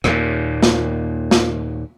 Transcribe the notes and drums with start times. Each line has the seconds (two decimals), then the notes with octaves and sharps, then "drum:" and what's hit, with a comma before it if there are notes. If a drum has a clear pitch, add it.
0.04 D#2 A#2, drum: rim click
0.63 drum: snare
1.31 drum: snare